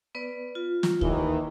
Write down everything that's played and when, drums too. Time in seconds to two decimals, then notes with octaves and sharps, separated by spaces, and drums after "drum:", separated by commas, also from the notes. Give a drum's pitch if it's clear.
0.15 B3 B4 D5
0.55 F4
0.83 drum: snare
1.01 D#2 D#3 E3 D#4, drum: kick D2